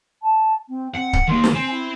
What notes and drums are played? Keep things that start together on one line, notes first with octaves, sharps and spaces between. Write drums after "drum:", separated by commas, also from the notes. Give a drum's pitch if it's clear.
A5
C4
C4 F#5
drum: kick C#1
D#3 A#3 C6
drum: snare
C4 G#5
E4